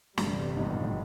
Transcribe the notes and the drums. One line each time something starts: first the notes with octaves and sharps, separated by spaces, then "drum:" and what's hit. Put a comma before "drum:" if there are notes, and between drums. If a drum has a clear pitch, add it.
G1 E2 G2 C3 E3 G3 B3, drum: snare
G#1 G#2
A#1 A#2
A2